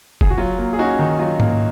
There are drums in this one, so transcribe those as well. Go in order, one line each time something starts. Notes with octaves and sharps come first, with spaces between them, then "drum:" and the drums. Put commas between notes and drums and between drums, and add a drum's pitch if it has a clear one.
G#4, drum: kick
F#4
F#3 F4
A#3
G#4
C#4 D#4 F#4
D#3
F#3 F4
A#3, drum: tom